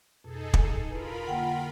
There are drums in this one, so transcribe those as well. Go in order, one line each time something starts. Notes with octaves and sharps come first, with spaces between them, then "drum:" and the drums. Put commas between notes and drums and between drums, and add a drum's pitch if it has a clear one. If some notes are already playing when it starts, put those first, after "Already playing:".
F2 B2 D#4 G#4 A4
drum: kick
E4 F4 A#4 B4 B5
D3 A#3 F#5 G5